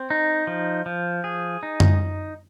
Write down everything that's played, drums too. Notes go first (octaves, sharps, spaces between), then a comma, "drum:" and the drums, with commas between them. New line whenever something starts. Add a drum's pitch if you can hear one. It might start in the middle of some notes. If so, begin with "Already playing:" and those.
Already playing: C4
D#4
F3
F3
G#4
D#4
drum: tom F#2